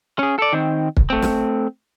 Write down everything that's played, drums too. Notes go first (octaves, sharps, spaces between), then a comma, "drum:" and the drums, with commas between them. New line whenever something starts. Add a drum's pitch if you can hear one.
C#4 G#4
A4 D5
D#3 C4
drum: kick
A3 C4
drum: snare